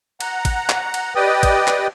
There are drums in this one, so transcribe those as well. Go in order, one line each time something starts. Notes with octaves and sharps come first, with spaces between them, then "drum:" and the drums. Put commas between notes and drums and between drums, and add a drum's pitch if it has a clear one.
F#5 A#5, drum: cymbal
drum: kick G#1, cymbal
drum: clap
drum: cymbal
G4 B4 D5 D#5 G5 D#6
drum: kick G#1, cymbal
drum: clap